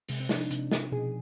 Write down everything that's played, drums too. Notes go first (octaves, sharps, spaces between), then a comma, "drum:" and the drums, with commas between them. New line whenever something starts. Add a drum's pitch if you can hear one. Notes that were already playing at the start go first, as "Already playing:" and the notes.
C3 G#3, drum: open hi-hat
C4
F3 D4, drum: snare
D#4
C3, drum: hi-hat
F3, drum: snare
B2 G#4